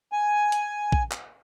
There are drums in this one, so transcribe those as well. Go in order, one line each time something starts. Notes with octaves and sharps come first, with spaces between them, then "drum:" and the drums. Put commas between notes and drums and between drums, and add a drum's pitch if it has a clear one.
G#5
drum: hi-hat
drum: kick A#1
drum: clap